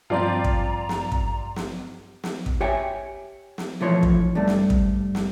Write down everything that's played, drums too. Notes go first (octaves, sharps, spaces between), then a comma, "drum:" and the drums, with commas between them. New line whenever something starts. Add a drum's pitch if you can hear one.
G2 F3 C4 F4 D5 A#5 C6
drum: kick
drum: snare
drum: kick
drum: snare
drum: snare
drum: kick
G4 C#5 E5 G5 G#5
drum: snare
B1 E3 F3 A3 C#5 C6
drum: kick
G2 G3 A3
drum: snare
drum: kick
drum: snare